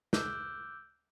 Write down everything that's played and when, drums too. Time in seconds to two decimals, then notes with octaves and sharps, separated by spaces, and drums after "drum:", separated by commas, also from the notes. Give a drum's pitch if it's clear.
0.13 D6 E6 F#6 G6, drum: snare